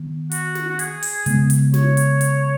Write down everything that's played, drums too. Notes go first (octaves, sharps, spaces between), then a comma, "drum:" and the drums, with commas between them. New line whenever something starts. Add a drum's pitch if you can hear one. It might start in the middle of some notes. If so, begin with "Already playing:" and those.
Already playing: D#3 B3
F#4, drum: hi-hat
drum: snare
F#4
G#4, drum: hi-hat
drum: open hi-hat
C#3 G#3 B3, drum: hi-hat
drum: hi-hat
C#5, drum: snare
drum: hi-hat
drum: hi-hat